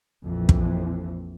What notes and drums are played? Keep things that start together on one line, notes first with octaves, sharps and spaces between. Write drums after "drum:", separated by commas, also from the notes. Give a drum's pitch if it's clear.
A#1 F2 E3
drum: kick